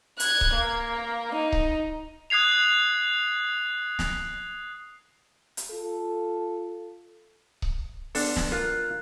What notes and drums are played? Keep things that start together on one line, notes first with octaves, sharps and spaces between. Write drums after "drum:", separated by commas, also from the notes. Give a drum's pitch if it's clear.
F#6 G#6, drum: hi-hat
drum: kick C#1
A#3
D#4
drum: kick C#1
D#6 F#6 G#6 C7 F7
drum: snare
drum: hi-hat
F4 A4
drum: kick C#1
B3 D4 A4, drum: open hi-hat
drum: snare
F4 A#4 F#6